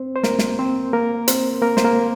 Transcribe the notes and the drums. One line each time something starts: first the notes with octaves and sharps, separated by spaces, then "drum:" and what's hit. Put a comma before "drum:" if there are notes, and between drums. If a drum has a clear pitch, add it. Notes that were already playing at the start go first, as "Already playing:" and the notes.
Already playing: C4 C5
C5
A#3 A#4, drum: snare
drum: snare
C4 C5
A#3 A#4
C4 C5, drum: hi-hat
A#3 A#4
C5, drum: snare
A#3 A#4